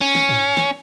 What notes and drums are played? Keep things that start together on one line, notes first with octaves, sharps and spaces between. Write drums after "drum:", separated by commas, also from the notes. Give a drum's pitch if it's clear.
C#4
drum: snare
drum: tom G#2
drum: snare